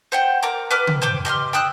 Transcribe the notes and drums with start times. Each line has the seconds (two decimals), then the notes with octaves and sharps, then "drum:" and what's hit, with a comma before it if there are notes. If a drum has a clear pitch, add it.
0.12 C5 F#5 G5
0.43 A#4 A#5 D6
0.71 B4 D6 F6
0.87 drum: tom C#3
1.02 C5 G5 D6
1.25 G4 D#5 C6 F6
1.53 G5 D#6 E6 F#6